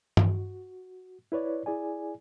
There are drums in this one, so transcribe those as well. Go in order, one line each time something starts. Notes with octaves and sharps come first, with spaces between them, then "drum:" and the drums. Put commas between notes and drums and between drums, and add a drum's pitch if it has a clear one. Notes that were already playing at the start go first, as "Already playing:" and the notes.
F#4, drum: tom G2
E4 B4 C#5 D5
E4 G#4 D5 G#5